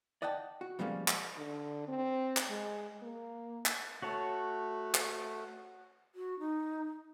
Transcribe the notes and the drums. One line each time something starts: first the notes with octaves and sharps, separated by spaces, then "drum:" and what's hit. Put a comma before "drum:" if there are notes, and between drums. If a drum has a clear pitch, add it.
D5 D#5 F#5 G5 A5
F#4
B2 F3 G3 G#3 A#3 C#4
drum: clap
D3
C4
drum: clap
G#3
A#3
drum: clap
A3 F#4 C#5 A5
drum: clap
F#4
D#4